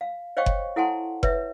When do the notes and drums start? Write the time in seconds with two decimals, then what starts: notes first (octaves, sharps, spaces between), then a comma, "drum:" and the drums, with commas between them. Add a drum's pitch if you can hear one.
0.01 F5
0.37 C5 C#5 D#5 F5 G5 C#6
0.46 drum: kick F#1
0.76 E4 A4 F#5 G#5 A5 C6
1.23 B4 C#5 E5, drum: kick F#1